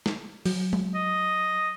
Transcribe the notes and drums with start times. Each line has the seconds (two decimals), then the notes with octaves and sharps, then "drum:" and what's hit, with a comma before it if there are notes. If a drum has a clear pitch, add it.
0.06 drum: snare
0.46 F#3, drum: open hi-hat
0.73 drum: tom G#3
0.95 D#5